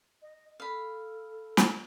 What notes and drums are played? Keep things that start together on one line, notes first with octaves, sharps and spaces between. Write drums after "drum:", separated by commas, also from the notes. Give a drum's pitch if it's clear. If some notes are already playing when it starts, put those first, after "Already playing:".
D#5
A4 F5 B5
drum: snare